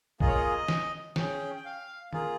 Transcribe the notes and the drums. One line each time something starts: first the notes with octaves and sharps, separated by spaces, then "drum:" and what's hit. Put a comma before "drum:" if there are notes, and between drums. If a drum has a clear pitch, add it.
A#3 F4 G#4 D#5, drum: kick A#1
C#5
D#5
drum: snare
C#4 G#4 G5, drum: snare
G5
F5
A#3 F4 G#4, drum: tom D#3